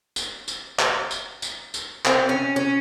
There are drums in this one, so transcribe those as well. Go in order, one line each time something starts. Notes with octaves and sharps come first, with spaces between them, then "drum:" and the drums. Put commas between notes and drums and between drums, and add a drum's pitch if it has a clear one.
drum: tambourine
drum: tambourine
drum: clap
drum: tambourine
drum: tambourine
drum: tambourine
C4, drum: clap
C#4
C#4